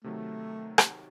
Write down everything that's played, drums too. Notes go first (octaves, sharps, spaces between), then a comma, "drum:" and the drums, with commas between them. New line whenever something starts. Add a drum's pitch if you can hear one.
C3 D#3 F#3 A3
drum: rim click